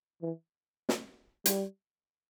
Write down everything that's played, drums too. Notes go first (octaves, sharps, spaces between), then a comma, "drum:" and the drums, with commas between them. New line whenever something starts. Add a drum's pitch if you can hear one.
E3
drum: snare
G3, drum: hi-hat